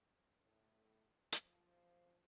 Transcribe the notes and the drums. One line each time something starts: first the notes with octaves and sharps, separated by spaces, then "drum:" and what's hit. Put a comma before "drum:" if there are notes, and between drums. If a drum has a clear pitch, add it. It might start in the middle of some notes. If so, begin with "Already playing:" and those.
A2
F3, drum: hi-hat